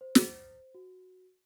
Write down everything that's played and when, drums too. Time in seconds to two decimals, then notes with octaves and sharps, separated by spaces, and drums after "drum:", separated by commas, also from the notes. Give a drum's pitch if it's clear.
0.01 C5
0.15 drum: snare
0.75 F#4